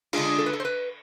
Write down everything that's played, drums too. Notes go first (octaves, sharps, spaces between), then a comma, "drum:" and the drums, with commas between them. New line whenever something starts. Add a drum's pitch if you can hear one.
D3 G#3 D4 F4 G#4, drum: cymbal
A4
B4
A4
C5
B4